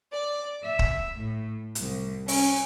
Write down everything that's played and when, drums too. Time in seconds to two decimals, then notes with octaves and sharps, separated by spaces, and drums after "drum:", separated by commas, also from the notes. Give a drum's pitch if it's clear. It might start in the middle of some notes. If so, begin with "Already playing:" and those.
0.13 D5
0.63 E5
0.79 drum: kick
1.15 A2
1.75 C2, drum: hi-hat
2.28 C#4, drum: open hi-hat